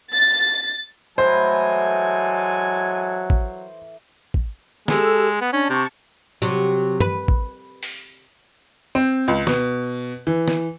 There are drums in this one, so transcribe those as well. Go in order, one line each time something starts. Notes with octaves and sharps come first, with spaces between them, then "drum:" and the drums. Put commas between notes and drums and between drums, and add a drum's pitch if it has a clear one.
A6
A2 E3 F#3 G#3 A4 C5 G#5 A#5
drum: kick
drum: kick
G#3 G4 A4 E6, drum: snare
B3
C#4 D4 A5
C3 A5 C#6
C3 F#3, drum: tambourine
B4, drum: tom G2
drum: kick
drum: open hi-hat
C4
C#2
B2, drum: snare
E3
drum: snare